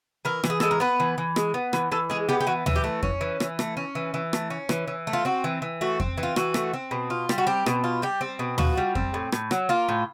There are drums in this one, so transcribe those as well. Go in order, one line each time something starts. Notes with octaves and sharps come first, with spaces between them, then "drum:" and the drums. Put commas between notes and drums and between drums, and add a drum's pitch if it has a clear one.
E3 A#4
E3, drum: rim click
G#4
G#3 A4, drum: rim click
A#4
B3 B4
E3
E3
G#3, drum: rim click
B3
E3, drum: rim click
E3 A4
G#3 G#4
B3 G4
G4
E3 F#4
E3, drum: tom
G4
A3
C#4, drum: kick F2
E3
E3, drum: rim click
A3, drum: rim click
C#4
E3
E3
A3, drum: rim click
C#4
E3, drum: rim click
E3
A3
F4
C4 F#4
E3
E3
A3 F#4
C4, drum: kick F2
E3
F4
E3 F#4, drum: rim click
A3, drum: rim click
C4
B2
F4
G3, drum: rim click
F#4
C4 G4
B2, drum: rim click
F4
G3 G4
C4
B2
F4 F#4, drum: tom
G3
C4, drum: kick F2
A2
A2, drum: rim click
F#3, drum: rim click
A#3 F4
A2